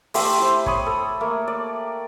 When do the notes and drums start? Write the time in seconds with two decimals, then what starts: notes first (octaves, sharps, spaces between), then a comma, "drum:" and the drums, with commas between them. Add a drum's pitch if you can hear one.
0.14 A3 G4 C6 E6, drum: open hi-hat
0.38 E4 C5
0.66 C#5 B5 D#6, drum: kick
0.86 A4
1.21 A3 A#3
1.48 D5